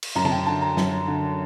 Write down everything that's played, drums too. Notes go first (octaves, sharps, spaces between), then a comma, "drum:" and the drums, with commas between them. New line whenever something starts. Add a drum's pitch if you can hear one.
drum: cymbal
F#2 A#5
A5, drum: tom C#3
G5
D3 A5
A#5
F#2, drum: snare
D3